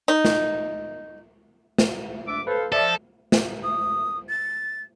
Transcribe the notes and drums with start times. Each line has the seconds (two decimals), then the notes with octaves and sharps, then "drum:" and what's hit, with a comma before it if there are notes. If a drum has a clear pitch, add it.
0.08 D#4
0.25 drum: snare
1.78 drum: snare
2.27 D4 E5 D6
2.47 A4 B4 C5 F5
2.72 F3 A4 D5 E5
3.32 drum: snare
3.62 D#6
4.28 A6